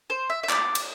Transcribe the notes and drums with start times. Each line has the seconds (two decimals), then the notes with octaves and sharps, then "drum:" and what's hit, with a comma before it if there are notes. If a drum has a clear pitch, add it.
0.10 C5
0.30 E5
0.43 E5
0.49 D5, drum: clap
0.75 drum: cymbal